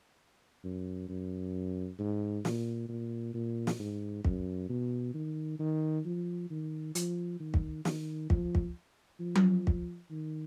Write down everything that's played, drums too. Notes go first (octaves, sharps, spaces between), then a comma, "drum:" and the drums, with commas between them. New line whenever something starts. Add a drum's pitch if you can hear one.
F#2
F#2
G#2
A#2, drum: snare
A#2
A#2
drum: snare
G#2
F#2, drum: kick
B2
D#3
D#3
F3
D#3
F3, drum: hi-hat
D#3
drum: kick
D#3, drum: snare
F3, drum: kick
drum: kick
F3
drum: tom F#3
drum: kick
D#3